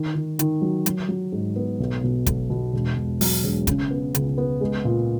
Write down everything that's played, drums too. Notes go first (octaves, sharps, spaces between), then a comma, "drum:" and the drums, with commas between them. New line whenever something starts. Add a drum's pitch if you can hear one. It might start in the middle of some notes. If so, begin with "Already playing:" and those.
Already playing: D#3
D#3
D#3, drum: hi-hat
F#3
F#3, drum: hi-hat
F#3
G#2
B3
B1
B2
B1, drum: kick, hi-hat
B2
E1
E1
F#3, drum: open hi-hat
E1
C#3, drum: kick, hi-hat
B3
C#2, drum: hi-hat
B3
G#3
A#2